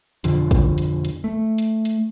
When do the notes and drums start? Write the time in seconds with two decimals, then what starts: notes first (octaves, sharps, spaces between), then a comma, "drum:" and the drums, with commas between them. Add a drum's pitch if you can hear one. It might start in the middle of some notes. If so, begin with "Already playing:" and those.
0.24 F2 B2 D3 F3, drum: hi-hat
0.51 drum: kick, hi-hat
0.78 drum: hi-hat
1.05 drum: hi-hat
1.24 A3
1.58 drum: hi-hat
1.85 drum: hi-hat